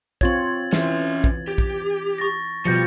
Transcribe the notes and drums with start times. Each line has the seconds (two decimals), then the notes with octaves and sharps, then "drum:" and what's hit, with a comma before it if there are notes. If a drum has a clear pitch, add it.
0.21 C4 F4 C#5 G#6 A6 F#7, drum: kick
0.73 E3 C#4 E5, drum: snare
1.24 drum: kick
1.48 G4
1.58 drum: kick
2.18 C#6 A6 A#6
2.66 B2 F3 G3 G6 A#6 C#7